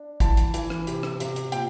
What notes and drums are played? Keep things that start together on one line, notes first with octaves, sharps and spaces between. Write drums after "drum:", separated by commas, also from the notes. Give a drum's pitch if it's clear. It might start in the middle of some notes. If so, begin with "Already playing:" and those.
Already playing: D4
E3 A5, drum: kick, hi-hat
drum: hi-hat
E3, drum: hi-hat
drum: rim click
C3, drum: hi-hat
drum: rim click
C3, drum: hi-hat
drum: hi-hat
A#2 G5, drum: hi-hat